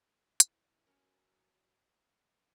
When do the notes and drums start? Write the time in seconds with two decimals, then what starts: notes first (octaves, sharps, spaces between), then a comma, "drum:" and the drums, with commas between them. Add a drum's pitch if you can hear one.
0.40 E3, drum: hi-hat
0.87 F#3 C#4 A#4